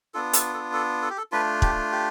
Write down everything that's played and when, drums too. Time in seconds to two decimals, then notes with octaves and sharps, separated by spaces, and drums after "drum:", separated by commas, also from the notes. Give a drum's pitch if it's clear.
0.14 B3 D4 F4 A4
0.33 A4, drum: hi-hat
0.54 A4
0.73 A4
1.02 A4
1.10 G4
1.18 A4
1.32 A3 D4 F4 B4
1.62 G4, drum: kick
1.92 G4